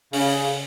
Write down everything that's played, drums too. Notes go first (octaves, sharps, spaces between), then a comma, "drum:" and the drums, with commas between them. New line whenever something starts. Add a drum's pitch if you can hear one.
C#3, drum: open hi-hat